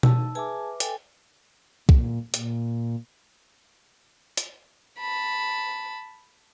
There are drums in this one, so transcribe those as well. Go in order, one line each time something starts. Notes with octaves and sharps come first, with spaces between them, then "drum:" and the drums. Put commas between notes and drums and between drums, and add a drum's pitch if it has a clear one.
D#4 A5 E6, drum: tom B2
G#4 B4 E5 G#5 A5 D6
A4 G5 G#5, drum: hi-hat
A#2, drum: kick B1
A#2, drum: hi-hat
drum: hi-hat
A5 B5